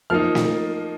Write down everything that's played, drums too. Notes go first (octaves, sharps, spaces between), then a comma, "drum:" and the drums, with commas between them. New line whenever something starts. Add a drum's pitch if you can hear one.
F3 A#3 D#4 F6
drum: snare